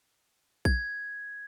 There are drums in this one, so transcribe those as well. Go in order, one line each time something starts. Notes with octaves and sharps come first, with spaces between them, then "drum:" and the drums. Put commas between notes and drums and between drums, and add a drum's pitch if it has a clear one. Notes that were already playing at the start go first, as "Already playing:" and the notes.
G#6, drum: kick A#1